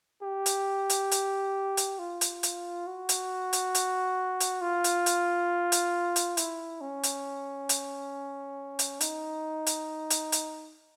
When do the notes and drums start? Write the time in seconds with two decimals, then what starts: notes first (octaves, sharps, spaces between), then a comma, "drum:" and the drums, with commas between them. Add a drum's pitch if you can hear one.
0.23 G4
0.46 drum: hi-hat
0.90 drum: hi-hat
1.11 drum: hi-hat
1.77 drum: hi-hat
1.99 F4
2.21 drum: hi-hat
2.43 drum: hi-hat
2.87 F#4
3.09 drum: hi-hat
3.53 drum: hi-hat
3.75 drum: hi-hat
4.40 drum: hi-hat
4.62 F4
4.84 drum: hi-hat
5.06 drum: hi-hat
5.72 drum: hi-hat
6.16 drum: hi-hat
6.37 E4, drum: hi-hat
6.81 C#4
7.03 drum: hi-hat
7.69 drum: hi-hat
8.79 drum: hi-hat
9.01 D#4, drum: hi-hat
9.66 drum: hi-hat
10.10 drum: hi-hat
10.32 drum: hi-hat